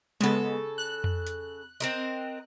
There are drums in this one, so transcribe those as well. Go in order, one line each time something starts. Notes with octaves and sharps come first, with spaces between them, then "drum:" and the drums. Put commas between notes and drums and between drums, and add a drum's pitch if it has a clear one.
C#3 G#3 B3 A4
F#6
drum: tom F2
drum: hi-hat
C4 A#4 D#5